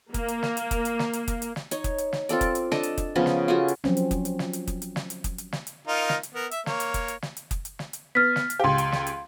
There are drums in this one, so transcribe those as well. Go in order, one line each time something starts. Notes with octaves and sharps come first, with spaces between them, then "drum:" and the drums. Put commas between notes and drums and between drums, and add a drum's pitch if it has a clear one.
A#3, drum: kick, hi-hat
drum: hi-hat
drum: snare
drum: hi-hat
drum: kick, hi-hat
drum: hi-hat
drum: snare
drum: hi-hat
drum: kick, hi-hat
drum: hi-hat
drum: snare
D#4 C#5, drum: hi-hat
drum: kick, hi-hat
drum: hi-hat
drum: snare
C4 F4 A4 D5, drum: hi-hat
drum: kick, hi-hat
drum: hi-hat
D4 A4 D#5 A5, drum: snare
drum: hi-hat
drum: kick, hi-hat
C#3 F3 B3 C#4
drum: snare
F4 F#4 G#4 A4
drum: hi-hat
F3 F#3 C4 C#4, drum: snare
drum: hi-hat
drum: kick, hi-hat
drum: hi-hat
drum: snare
drum: hi-hat
drum: kick, hi-hat
drum: hi-hat
drum: snare
drum: hi-hat
drum: kick, hi-hat
drum: hi-hat
drum: snare
drum: hi-hat
D#4 F4 A#4
drum: snare
drum: hi-hat
B3 A#4
E5, drum: hi-hat
A#3 C#5, drum: snare
drum: hi-hat
drum: kick, hi-hat
drum: hi-hat
drum: snare
drum: hi-hat
drum: kick, hi-hat
drum: hi-hat
drum: snare
drum: hi-hat
B3 F6 A6 B6
drum: snare
drum: hi-hat
C#2 G4 F5 C6
drum: hi-hat
drum: snare
drum: hi-hat